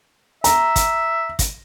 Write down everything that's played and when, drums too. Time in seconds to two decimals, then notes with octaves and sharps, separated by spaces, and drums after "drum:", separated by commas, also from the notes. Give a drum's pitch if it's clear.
0.44 E5 A#5, drum: hi-hat
0.76 drum: kick, hi-hat
1.39 drum: kick, hi-hat